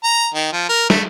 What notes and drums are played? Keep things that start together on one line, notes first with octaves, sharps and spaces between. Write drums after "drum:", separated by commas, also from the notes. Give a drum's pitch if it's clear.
A#5
D#3
F3
A#4
A3, drum: snare